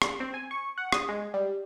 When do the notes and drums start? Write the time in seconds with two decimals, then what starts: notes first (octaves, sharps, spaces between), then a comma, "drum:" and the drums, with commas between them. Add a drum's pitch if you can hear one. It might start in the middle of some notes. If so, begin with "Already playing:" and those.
0.02 drum: rim click
0.20 C4
0.34 G#5
0.51 C#6
0.78 F#5
0.92 D#6, drum: rim click
1.09 G#3
1.34 G3